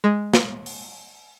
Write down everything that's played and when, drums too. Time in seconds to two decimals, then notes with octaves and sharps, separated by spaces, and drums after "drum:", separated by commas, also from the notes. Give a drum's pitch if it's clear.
0.04 G#3
0.34 drum: snare
0.66 drum: open hi-hat